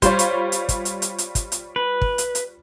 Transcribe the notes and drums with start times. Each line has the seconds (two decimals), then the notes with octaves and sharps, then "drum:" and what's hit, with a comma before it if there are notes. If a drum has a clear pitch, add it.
0.02 G3 F4 C5 C#5, drum: kick, hi-hat
0.19 drum: hi-hat
0.52 drum: hi-hat
0.69 drum: kick, hi-hat
0.85 drum: hi-hat
1.02 drum: hi-hat
1.18 drum: hi-hat
1.35 drum: kick, hi-hat
1.52 drum: hi-hat
1.76 B4
2.02 drum: kick
2.18 drum: hi-hat
2.35 drum: hi-hat